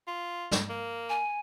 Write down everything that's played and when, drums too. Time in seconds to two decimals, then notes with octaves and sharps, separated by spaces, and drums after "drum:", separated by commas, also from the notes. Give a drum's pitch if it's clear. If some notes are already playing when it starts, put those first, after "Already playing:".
0.07 F4
0.51 drum: snare
0.69 A#3
1.09 G#5